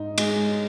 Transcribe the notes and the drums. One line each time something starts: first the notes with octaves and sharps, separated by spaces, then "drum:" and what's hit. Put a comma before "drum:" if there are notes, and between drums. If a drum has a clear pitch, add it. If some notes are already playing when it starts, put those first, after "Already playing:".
Already playing: G#2 D#4
G#3, drum: cymbal